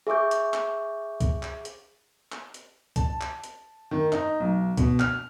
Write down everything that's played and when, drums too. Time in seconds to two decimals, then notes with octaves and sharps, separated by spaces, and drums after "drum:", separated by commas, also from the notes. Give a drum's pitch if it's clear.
0.07 G#4 E5 C#6 D6 G6
0.31 drum: hi-hat
0.54 drum: clap
1.20 drum: kick C2, hi-hat
1.43 drum: clap
1.65 drum: hi-hat
2.32 drum: clap
2.54 drum: hi-hat
2.96 A5, drum: kick C2, hi-hat
3.21 drum: clap
3.44 drum: hi-hat
3.91 D#3
4.12 D#4, drum: clap
4.40 B1
4.77 B2, drum: kick C2, hi-hat
5.00 F6, drum: clap